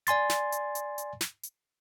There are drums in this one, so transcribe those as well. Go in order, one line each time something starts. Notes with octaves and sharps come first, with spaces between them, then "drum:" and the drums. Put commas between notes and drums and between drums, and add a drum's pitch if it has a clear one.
D5 G#5 C6 A6, drum: hi-hat
drum: snare
drum: hi-hat
drum: hi-hat
drum: hi-hat
drum: snare
drum: hi-hat